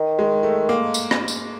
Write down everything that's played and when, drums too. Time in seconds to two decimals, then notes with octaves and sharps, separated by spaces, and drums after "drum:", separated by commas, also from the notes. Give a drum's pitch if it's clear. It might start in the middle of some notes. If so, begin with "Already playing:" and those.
Already playing: D#3
0.19 G#3
0.43 A3
0.69 A#3
0.94 drum: tambourine
1.11 drum: rim click
1.28 drum: tambourine